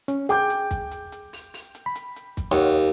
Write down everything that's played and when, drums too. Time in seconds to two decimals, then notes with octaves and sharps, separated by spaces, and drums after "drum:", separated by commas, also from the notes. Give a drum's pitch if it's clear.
0.08 C#4, drum: hi-hat
0.29 G#4 G5 D6 G6, drum: hi-hat
0.50 drum: hi-hat
0.71 drum: kick, hi-hat
0.91 drum: hi-hat
1.12 drum: hi-hat
1.33 drum: open hi-hat
1.54 drum: open hi-hat
1.75 drum: hi-hat
1.86 B5
1.96 drum: hi-hat
2.16 drum: hi-hat
2.37 drum: kick, hi-hat
2.52 D#2 C#5 F5 F#5